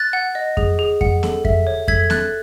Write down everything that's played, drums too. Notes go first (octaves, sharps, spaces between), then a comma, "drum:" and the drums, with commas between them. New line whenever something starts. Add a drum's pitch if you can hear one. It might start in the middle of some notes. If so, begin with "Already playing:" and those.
Already playing: F#6 A6
F#5
D#5
G#4, drum: kick F2
G#4
F#5, drum: kick F2
A4, drum: snare B3
E5, drum: kick F2
C#5
A4 G#6 B6, drum: kick F2
G#6
A4 F#6 A6, drum: snare B3